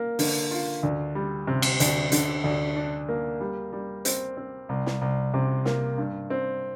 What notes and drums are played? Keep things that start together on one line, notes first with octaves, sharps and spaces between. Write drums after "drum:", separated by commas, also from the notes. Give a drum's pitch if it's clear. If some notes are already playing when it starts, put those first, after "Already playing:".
Already playing: A#3
D3, drum: open hi-hat
F4
D2
G3
C3
drum: cymbal
D2, drum: hi-hat
D3, drum: hi-hat
D2
D4
A#3
G3
G3
C4, drum: hi-hat
C4
C2
drum: snare
C2
C3
A#3, drum: snare
G2
C4